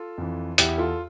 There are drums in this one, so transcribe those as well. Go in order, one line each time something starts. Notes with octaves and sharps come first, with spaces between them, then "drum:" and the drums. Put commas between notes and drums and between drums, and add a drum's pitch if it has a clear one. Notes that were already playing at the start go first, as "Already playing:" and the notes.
Already playing: F4 A4
F2 E3
E2 E4 G4, drum: hi-hat
F4 A4